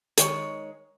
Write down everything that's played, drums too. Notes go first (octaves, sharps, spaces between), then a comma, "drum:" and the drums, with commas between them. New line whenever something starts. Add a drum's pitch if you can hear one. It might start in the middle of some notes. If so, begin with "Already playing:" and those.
D#3 G#3 C#5, drum: hi-hat